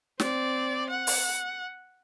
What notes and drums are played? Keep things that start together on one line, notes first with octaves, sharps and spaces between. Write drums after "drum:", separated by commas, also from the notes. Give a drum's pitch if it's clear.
C4 D5, drum: snare
F#5
drum: open hi-hat